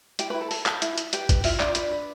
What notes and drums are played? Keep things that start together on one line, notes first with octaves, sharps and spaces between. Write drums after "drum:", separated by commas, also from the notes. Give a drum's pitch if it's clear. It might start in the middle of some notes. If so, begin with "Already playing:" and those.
E4 G4 G5, drum: hi-hat
E4 B4 B5
A4 A5
A4, drum: open hi-hat
A4, drum: clap
E4, drum: hi-hat
E4, drum: hi-hat
G4 B4 G5, drum: hi-hat
B4, drum: kick G#1, hi-hat
E4 F4 E5, drum: open hi-hat
D4 F4 D5, drum: clap
D4 B4 D5, drum: hi-hat
B4